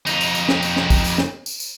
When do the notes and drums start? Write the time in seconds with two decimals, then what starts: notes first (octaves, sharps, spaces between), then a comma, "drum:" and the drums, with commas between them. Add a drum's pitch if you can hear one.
0.07 F2 D#4, drum: tambourine
0.21 drum: tambourine
0.35 drum: tambourine
0.49 drum: snare
0.63 drum: tambourine
0.76 drum: snare
0.90 drum: kick, tambourine
1.04 drum: tambourine
1.18 drum: snare
1.46 drum: tambourine
1.60 drum: tambourine